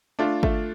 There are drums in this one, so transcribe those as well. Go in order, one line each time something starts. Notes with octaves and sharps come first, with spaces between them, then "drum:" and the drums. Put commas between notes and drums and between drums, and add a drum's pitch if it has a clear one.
A3 D4 F4
A3, drum: kick G#1